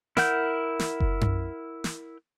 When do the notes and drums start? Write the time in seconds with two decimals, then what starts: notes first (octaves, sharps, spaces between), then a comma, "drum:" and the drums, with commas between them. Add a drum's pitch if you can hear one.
0.17 E4 A#4 F#5 G6, drum: snare
0.79 drum: snare
1.00 drum: kick F#1
1.21 drum: tom F#2
1.84 drum: snare